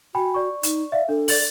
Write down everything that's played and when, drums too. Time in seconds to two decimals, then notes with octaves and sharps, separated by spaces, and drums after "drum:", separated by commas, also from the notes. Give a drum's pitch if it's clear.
0.15 F#4 G5 G#5 B5
0.34 D5 C#6
0.63 D#4, drum: hi-hat
0.92 D5 E5 F5
1.09 D4 A4
1.28 D5 A6 F#7, drum: open hi-hat